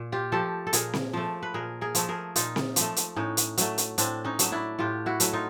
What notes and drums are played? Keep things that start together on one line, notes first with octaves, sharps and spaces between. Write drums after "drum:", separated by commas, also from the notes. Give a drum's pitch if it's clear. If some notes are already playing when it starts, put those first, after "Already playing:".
Already playing: A#2
F4 G4
F3 A3 G4 A4
A4
A#2 G#4 A#4, drum: hi-hat
drum: snare C4
F3 A3
B4
A#2 G#4 A#4
G#4 A#4
F3 A3, drum: hi-hat
G#4 A#4
A#2 D#4 F4, drum: hi-hat
drum: snare C4
F3 A3, drum: hi-hat
drum: hi-hat
A2 C#4 D#4
drum: hi-hat
F#3 A3, drum: hi-hat
drum: hi-hat
A2 C4 D4, drum: hi-hat
C#4 D#4
F#3 A3, drum: hi-hat
D4 E4
A2 F4 G4
E4 F#4
F#3 A3, drum: hi-hat
D#4 F4